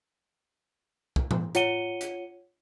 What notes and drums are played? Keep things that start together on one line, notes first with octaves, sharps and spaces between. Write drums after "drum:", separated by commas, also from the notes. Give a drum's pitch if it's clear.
drum: kick
drum: tom A2
F4 C#5 F#5 C#7 D#7 G7, drum: hi-hat
drum: hi-hat